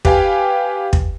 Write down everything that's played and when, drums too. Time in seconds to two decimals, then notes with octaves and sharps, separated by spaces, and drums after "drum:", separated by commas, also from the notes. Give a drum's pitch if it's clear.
0.05 G4 B4 F5 G5 G#5, drum: kick
0.93 drum: kick